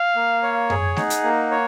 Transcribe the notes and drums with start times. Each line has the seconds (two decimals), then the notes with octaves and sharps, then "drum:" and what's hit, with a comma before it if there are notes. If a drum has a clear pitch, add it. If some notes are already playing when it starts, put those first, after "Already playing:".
Already playing: F5
0.16 A#3
0.43 C#5
0.70 G#4, drum: tom F#2
0.97 D#4 F#5, drum: snare A3
1.10 drum: hi-hat
1.24 A#3
1.51 C#5